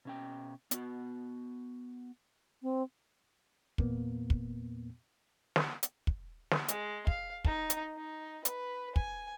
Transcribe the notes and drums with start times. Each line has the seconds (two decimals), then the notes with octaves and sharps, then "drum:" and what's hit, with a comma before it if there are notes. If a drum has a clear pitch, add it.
0.05 B2 C#4 G5
0.71 B3 F#4, drum: hi-hat
2.63 C4
3.78 E2 A#2 A#3 B3, drum: kick
4.30 drum: kick
5.56 drum: snare
5.83 drum: hi-hat
6.07 drum: kick
6.51 drum: snare
6.68 G#3, drum: hi-hat
7.07 F5, drum: kick
7.45 D#4, drum: kick
7.70 drum: hi-hat
7.97 D#4
8.45 B4, drum: hi-hat
8.96 G#5, drum: kick